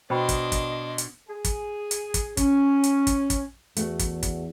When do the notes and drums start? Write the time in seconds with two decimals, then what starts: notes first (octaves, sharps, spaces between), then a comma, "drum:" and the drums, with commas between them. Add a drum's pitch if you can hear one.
0.10 B2 D4 C5 D#5 G5 B5 C6
0.29 drum: kick, hi-hat
0.52 drum: kick, hi-hat
0.98 drum: hi-hat
1.29 G#4
1.45 drum: kick, hi-hat
1.91 drum: hi-hat
2.14 drum: kick, hi-hat
2.37 C#4, drum: kick, hi-hat
2.84 drum: hi-hat
3.07 drum: kick, hi-hat
3.30 drum: kick, hi-hat
3.77 E2 A3 F#4 F#5, drum: hi-hat
3.99 drum: kick, hi-hat
4.23 drum: kick, hi-hat